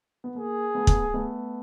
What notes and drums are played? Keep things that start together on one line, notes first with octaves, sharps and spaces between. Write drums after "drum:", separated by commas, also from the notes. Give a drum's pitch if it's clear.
B3
A#3 G#4
A3 B3
drum: kick
A3 B3